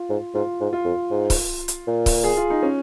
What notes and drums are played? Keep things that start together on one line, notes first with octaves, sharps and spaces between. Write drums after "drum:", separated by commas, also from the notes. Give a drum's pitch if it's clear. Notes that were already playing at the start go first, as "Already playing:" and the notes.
Already playing: F4
G#2
G#2 F4
G#2
F4
F2
G#2
drum: kick C#1, open hi-hat
drum: hi-hat
A#2
drum: kick C#1, open hi-hat
G#4
F4
D#4
C#4